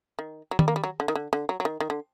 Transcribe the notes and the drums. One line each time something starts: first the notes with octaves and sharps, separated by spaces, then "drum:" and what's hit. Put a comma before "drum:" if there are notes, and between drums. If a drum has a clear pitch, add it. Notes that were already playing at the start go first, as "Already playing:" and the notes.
D#3
F#3
G3, drum: tom D#3
A#3
G3
F#3
D3
D#3
D3
D3
F#3
F#3
D#3
D#3
D3